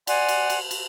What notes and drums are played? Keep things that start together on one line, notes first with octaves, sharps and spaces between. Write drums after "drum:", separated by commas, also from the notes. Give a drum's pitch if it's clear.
D5 F#5 G#5 C6, drum: cymbal
drum: cymbal
drum: cymbal
drum: cymbal